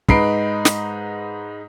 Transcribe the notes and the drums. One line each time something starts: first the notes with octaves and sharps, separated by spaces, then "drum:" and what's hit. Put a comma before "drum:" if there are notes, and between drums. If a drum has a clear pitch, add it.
G#2 D#4 B4 B5 C7 D7, drum: kick
drum: snare